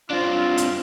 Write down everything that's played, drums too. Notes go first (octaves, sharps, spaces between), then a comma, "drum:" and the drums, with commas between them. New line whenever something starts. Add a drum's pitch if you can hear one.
C4 D4 F4
drum: hi-hat